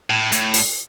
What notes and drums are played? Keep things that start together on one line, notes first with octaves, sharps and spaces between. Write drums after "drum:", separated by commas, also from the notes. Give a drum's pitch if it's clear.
A2
A2, drum: hi-hat
drum: open hi-hat